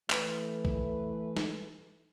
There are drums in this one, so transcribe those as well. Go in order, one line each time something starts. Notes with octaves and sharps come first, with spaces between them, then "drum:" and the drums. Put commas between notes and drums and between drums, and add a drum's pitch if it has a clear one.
E3 A3 B4, drum: clap
drum: kick B1
drum: snare